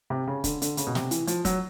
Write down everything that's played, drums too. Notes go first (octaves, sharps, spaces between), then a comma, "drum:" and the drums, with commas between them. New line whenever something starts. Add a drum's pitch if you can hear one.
C3
C#3
D3, drum: kick, hi-hat
D3, drum: hi-hat
C#3, drum: hi-hat
B2
C3, drum: snare
E3, drum: hi-hat
F3, drum: hi-hat
F#3, drum: kick, hi-hat